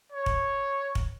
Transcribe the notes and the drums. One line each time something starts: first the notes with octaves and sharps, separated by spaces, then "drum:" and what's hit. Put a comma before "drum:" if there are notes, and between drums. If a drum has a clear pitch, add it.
C#5
drum: kick
drum: kick